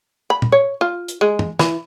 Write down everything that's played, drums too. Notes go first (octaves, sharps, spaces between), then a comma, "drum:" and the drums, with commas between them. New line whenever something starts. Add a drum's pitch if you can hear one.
B5
drum: tom
C#5
F4
drum: hi-hat
G#3
drum: tom
E3, drum: snare